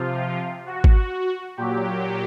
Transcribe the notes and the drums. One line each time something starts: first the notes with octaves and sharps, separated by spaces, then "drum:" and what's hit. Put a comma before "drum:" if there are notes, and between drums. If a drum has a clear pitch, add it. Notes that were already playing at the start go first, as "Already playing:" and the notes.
Already playing: C3 F3 F4
F#4
drum: kick
A#2 F#3 G4